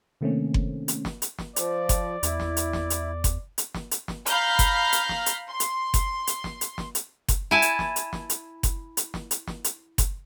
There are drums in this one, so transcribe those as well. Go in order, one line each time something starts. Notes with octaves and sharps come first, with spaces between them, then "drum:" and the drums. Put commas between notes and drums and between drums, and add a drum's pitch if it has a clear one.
C3 D#3 A3 A#3 C4 C#4
drum: kick F#1
drum: hi-hat
drum: snare
drum: hi-hat
drum: snare
F3 D5, drum: hi-hat
drum: kick F#1, hi-hat
E2 E4, drum: hi-hat
drum: snare
drum: hi-hat
drum: snare
drum: hi-hat
drum: kick F#1, hi-hat
drum: hi-hat
drum: snare
drum: hi-hat
drum: snare
F5 A#5 B5 F6 G6, drum: hi-hat
drum: kick F#1, hi-hat
drum: hi-hat
drum: snare
drum: hi-hat
C6
drum: hi-hat
drum: kick F#1, hi-hat
drum: hi-hat
drum: snare
drum: hi-hat
drum: snare
drum: hi-hat
drum: kick F#1, hi-hat
E4 G#5 A5
drum: hi-hat
drum: snare
drum: hi-hat
drum: snare
drum: hi-hat
drum: kick F#1, hi-hat
drum: hi-hat
drum: snare
drum: hi-hat
drum: snare
drum: hi-hat
drum: kick F#1, hi-hat